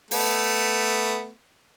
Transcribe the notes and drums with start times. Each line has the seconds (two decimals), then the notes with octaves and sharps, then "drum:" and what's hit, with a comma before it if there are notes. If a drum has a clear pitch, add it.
0.11 A3 B3, drum: open hi-hat